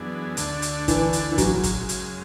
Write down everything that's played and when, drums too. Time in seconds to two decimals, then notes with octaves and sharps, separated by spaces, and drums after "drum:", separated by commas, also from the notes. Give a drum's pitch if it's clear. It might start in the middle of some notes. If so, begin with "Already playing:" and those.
Already playing: F#2 E3 B3 D4 G#4
0.37 D2 D3 A3 D4, drum: hi-hat
0.62 drum: hi-hat
0.88 E3, drum: kick, hi-hat
1.13 drum: hi-hat
1.32 E3
1.38 F#2 C#3 F#3 G#3, drum: kick, hi-hat
1.63 drum: kick, hi-hat
1.89 drum: hi-hat